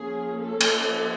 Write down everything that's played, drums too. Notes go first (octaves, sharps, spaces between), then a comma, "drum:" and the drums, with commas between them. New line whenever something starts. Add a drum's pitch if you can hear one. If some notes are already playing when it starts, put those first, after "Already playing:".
Already playing: F3 A#3 C#4 G#4
A4
drum: cymbal